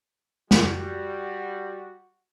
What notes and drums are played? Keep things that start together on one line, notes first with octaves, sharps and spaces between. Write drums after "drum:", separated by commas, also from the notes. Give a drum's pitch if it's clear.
G3 F#4, drum: snare